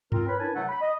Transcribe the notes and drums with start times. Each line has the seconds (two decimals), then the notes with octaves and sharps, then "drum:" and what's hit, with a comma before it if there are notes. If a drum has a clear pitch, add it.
0.12 C4 F4 A#4, drum: tom G2
0.27 B4 C#5 B5
0.40 D4 E4 A#4 B4 G#5 A5
0.55 C3 F#3 A3 F#5
0.69 B5
0.81 D#5